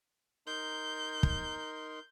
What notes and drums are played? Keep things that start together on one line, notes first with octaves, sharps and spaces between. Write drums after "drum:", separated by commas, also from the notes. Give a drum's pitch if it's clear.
D#4 A#4 C6 G6
drum: kick